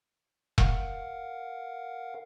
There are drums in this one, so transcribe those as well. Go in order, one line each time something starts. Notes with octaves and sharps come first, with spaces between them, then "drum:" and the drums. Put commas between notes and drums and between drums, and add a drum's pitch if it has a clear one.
A#4 F5 F#5, drum: kick E1